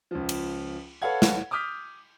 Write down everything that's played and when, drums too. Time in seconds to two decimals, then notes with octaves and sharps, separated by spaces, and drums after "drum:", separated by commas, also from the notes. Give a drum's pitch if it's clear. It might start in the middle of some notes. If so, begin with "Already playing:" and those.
0.11 C#2 F3
0.29 drum: cymbal
1.02 A4 B4 C#5 F5 F#5 G#6
1.22 drum: snare
1.51 D6 D#6 F6 G6 B6